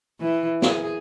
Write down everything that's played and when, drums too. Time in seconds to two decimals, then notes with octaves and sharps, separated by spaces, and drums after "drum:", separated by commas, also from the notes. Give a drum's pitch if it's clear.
0.20 E3
0.62 G#4, drum: snare